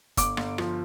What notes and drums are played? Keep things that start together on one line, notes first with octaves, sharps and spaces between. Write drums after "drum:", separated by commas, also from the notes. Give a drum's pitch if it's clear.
G1 D6, drum: kick F#1, hi-hat
G1, drum: rim click
F3, drum: rim click